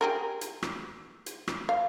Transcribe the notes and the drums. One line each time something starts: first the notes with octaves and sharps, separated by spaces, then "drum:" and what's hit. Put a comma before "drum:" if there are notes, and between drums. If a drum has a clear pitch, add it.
G4 G#4 A#4
drum: hi-hat
drum: rim click
drum: hi-hat
drum: rim click
F5